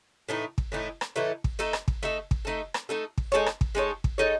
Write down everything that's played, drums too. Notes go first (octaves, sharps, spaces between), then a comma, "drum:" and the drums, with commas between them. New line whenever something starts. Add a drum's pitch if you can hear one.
A2 E3 A3 D#4
drum: kick
A2 E3 A3 D#4
drum: rim click
A2 E3 A3 D#4
drum: kick
A3 D#4 A4
drum: rim click
drum: kick
A3 D#4 A4
drum: kick
A3 D#4 A4
drum: rim click
A3 D#4 A4
drum: kick
G#3 D#4 A4 C#5
drum: rim click
drum: kick
G#3 D#4 A4 C#5
drum: kick
G#3 D#4 A4 C#5